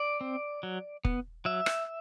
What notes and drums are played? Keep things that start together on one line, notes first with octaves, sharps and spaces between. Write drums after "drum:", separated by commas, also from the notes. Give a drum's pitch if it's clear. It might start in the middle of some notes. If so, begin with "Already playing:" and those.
Already playing: D5
C4
F#3
B3, drum: kick F1
F#3 E5
drum: rim click